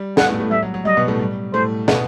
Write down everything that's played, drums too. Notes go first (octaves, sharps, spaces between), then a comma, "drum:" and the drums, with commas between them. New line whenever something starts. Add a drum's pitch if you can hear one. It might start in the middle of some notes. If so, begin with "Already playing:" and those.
Already playing: G3
F#5, drum: snare
B3
A2 A3
A2 A3
G3 E5
F#3
F#3
G3 D#5
B2 B3
A2 A3
G3
A2 A3 C5
B2 B3, drum: snare